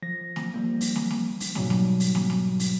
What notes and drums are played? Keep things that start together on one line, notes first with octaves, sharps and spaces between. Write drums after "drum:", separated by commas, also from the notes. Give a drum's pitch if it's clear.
F3 A#6
drum: snare
F3 G3 A#3
drum: open hi-hat
drum: snare
drum: snare
drum: open hi-hat
G#2 B2 F#3 G3, drum: snare
drum: snare
drum: open hi-hat
drum: snare
drum: snare
drum: open hi-hat